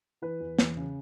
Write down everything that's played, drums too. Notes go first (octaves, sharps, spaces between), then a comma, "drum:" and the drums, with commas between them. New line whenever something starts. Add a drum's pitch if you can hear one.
E3 B4
E2
E2, drum: snare
C#3